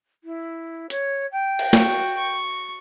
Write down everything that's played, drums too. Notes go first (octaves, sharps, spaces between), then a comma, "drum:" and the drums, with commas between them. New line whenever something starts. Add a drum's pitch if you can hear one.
E4
C#5, drum: hi-hat
G5
drum: cymbal
F#4, drum: snare
C#6